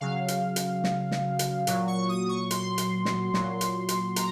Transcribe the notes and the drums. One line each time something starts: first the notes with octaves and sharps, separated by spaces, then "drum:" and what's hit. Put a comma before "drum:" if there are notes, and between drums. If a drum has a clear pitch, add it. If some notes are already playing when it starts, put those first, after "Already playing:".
C#3 F#3 F5
drum: hi-hat
drum: hi-hat
drum: snare
drum: snare
drum: hi-hat
A#2 F#3, drum: hi-hat
C#6
D#6
C#6
C6, drum: hi-hat
drum: hi-hat
drum: snare
A#2 F#3, drum: snare
drum: hi-hat
drum: hi-hat
A#5, drum: hi-hat